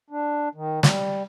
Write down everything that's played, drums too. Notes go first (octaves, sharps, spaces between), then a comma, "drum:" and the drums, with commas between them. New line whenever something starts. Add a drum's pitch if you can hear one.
D4
D#3
G3, drum: snare